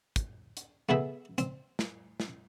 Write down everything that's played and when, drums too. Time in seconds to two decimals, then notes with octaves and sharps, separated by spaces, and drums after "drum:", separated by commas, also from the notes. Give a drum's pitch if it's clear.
0.16 drum: kick, hi-hat
0.57 drum: hi-hat
0.89 A3 B3 G#4 E5
1.38 C4, drum: hi-hat
1.79 drum: snare
2.20 drum: snare